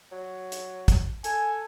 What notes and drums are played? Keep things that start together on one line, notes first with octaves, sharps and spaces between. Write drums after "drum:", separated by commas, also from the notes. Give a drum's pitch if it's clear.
F#3
drum: hi-hat
drum: kick, hi-hat
A4 G#5, drum: hi-hat